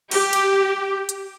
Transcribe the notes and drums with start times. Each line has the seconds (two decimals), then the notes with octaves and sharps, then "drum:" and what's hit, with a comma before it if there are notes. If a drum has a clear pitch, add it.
0.11 G4, drum: cymbal
0.33 drum: cymbal
1.09 drum: hi-hat